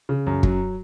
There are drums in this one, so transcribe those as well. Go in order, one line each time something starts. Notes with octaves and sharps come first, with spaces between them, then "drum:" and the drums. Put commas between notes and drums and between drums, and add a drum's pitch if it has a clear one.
C#3
F#2
F#3, drum: kick